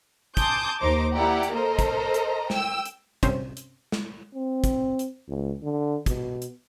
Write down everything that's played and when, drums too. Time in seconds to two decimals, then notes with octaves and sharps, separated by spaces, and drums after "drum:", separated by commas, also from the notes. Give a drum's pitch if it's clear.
0.37 G#5 A5 C6 D6 D#6 G6, drum: kick, hi-hat
0.78 D#2 D#4 C5 A#5 D6
1.13 A#3 E4 G4 D5 F#5 A#5
1.43 drum: hi-hat
1.54 A4 A#4 C5 D#5 A#5
1.79 drum: kick, hi-hat
2.14 drum: hi-hat
2.50 G5 E6, drum: snare
2.86 drum: hi-hat
3.23 G2 C3 C4 C#4 C5, drum: kick, hi-hat
3.57 drum: hi-hat
3.92 drum: snare
4.34 C4
4.64 drum: kick, hi-hat
4.99 drum: hi-hat
5.28 C#2
5.63 D3
6.06 B2, drum: kick, hi-hat
6.42 drum: hi-hat